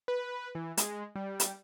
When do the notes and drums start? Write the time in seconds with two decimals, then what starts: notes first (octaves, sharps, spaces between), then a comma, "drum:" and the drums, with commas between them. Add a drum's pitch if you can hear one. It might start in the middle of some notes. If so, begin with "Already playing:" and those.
0.08 B4
0.55 E3
0.77 G#3, drum: hi-hat
1.16 G3
1.40 drum: hi-hat